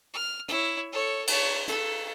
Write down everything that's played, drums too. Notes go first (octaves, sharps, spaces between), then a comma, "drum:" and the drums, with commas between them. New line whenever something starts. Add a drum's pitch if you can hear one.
F6
E4 C#5, drum: hi-hat
A4 C#5
C#5 A5, drum: cymbal
A4, drum: hi-hat